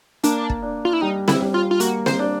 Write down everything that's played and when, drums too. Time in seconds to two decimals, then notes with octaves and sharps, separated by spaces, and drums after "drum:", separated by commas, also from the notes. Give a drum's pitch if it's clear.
0.23 A#3 D4, drum: hi-hat
0.50 drum: kick
0.62 D4
0.85 F4
0.93 E4
1.01 G3 D#4
1.28 E4, drum: snare C4
1.41 G3
1.54 F4
1.71 F4
1.80 A#3 F#4, drum: hi-hat
2.06 C5, drum: snare C4
2.19 D4